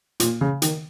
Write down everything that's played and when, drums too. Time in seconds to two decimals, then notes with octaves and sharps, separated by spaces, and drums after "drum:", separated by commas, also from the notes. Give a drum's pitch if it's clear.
0.20 A#2, drum: hi-hat
0.41 C#3
0.62 D#3, drum: hi-hat